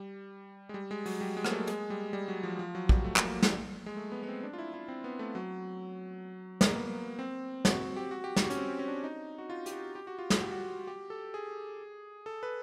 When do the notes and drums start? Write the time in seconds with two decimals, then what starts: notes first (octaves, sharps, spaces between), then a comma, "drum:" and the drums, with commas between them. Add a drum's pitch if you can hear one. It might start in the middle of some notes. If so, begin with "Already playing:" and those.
Already playing: G3
0.69 G#3
0.74 G3
0.91 G#3
1.06 F#3, drum: open hi-hat
1.21 G3
1.37 G#3
1.45 A#3, drum: rim click
1.51 A3
1.67 G#3, drum: hi-hat
1.90 G3
2.13 G3
2.28 F#3
2.43 F3
2.59 F3
2.75 F#3
2.89 G3, drum: kick
3.04 A3
3.16 A#3, drum: clap
3.28 A#3
3.42 drum: snare
3.86 G#3
3.97 A3
4.12 B3
4.23 B3
4.28 C4
4.43 D4
4.53 F4
4.58 E4
4.74 E4
4.88 C4
5.04 B3
5.19 A3
5.35 F#3
6.61 A#3, drum: snare
6.73 B3
7.19 C4
7.65 F#4, drum: snare
7.96 G4
8.11 F#4
8.24 G4
8.36 F#4, drum: snare
8.50 C#4, drum: hi-hat
8.57 C4
8.79 C#4
8.88 D4
9.04 D#4
9.38 F#4
9.50 F4
9.66 G4, drum: hi-hat
9.72 F#4
9.95 G4
10.07 F#4
10.19 F4
10.30 F#4, drum: snare
10.40 G4
10.51 F#4
10.87 G4
11.10 A4
11.34 G#4
12.26 A4
12.43 B4